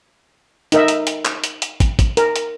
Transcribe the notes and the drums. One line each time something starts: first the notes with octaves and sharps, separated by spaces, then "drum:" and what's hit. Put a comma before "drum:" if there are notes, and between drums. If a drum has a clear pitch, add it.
D#4 A#4 E5, drum: hi-hat
drum: hi-hat
drum: hi-hat
drum: clap
drum: hi-hat
drum: hi-hat
drum: kick, hi-hat
drum: kick, hi-hat
A#4, drum: hi-hat
drum: hi-hat